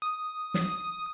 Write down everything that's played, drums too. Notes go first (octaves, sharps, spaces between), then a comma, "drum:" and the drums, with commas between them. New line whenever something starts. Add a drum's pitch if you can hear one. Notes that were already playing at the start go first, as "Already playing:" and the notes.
D#6
drum: snare